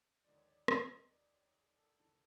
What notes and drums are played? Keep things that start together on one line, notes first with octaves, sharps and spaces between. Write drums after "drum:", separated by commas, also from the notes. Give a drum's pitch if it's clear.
D#2 D3 F3 G#3 D5
C#5
D5
E5, drum: rim click
D#5
D5
C#5
G#4
A4
E1 D#2 C#3 E3 A3 A4